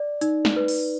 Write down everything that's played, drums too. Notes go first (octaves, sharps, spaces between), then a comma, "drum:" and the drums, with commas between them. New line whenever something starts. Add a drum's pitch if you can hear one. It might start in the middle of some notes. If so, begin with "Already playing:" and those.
Already playing: D5
D#4, drum: hi-hat
drum: snare
B4
drum: open hi-hat